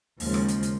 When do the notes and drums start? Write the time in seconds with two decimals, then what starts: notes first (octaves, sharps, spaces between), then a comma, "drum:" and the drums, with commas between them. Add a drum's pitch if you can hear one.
0.20 D#2 C#3 F3 G#3, drum: open hi-hat
0.34 drum: rim click
0.48 drum: hi-hat
0.63 drum: hi-hat